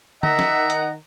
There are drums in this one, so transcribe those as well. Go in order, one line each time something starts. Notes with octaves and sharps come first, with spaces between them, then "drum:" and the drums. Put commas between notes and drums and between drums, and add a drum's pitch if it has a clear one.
D#3 D#5 E5 F#5 A#5, drum: tom
drum: snare
drum: hi-hat